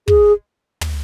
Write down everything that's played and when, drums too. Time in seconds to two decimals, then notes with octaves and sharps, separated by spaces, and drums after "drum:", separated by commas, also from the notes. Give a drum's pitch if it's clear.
0.08 G#4, drum: kick
0.81 drum: tom